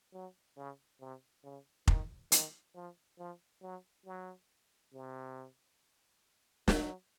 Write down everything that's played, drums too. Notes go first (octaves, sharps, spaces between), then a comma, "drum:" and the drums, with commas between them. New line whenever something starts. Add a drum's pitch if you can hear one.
F#3
C#3
C3
C#3
D#3, drum: kick F1
D#3, drum: hi-hat
F3
F3
F#3
F#3
C3
F#3, drum: snare